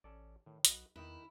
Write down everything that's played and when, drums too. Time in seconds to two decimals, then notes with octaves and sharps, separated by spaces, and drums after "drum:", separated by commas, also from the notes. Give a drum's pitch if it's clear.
0.04 A1 C#4 A4 D5
0.46 A2 D#3
0.65 B1 F#4 B4 D#5, drum: hi-hat
0.96 E2 D#3 D#4 E4 B4